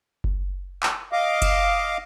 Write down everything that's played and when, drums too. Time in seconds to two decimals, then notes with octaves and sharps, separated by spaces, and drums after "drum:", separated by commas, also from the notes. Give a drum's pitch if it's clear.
0.24 drum: kick F#1
0.83 drum: clap
1.12 D#5 F5 D6
1.42 drum: kick F#1, cymbal